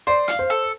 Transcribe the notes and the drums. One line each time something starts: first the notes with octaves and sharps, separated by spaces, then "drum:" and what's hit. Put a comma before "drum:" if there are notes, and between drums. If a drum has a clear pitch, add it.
C5 D5
F5, drum: hi-hat
C5
A4